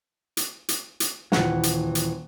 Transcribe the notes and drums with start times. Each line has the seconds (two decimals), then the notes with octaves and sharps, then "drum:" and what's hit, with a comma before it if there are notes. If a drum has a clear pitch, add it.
0.37 drum: hi-hat
0.69 drum: hi-hat
1.00 drum: hi-hat
1.32 D#1 E3 F#5, drum: snare
1.63 drum: hi-hat
1.95 drum: hi-hat